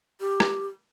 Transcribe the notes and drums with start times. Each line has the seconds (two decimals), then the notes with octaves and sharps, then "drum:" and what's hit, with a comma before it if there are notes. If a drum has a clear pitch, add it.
0.20 G4
0.40 drum: rim click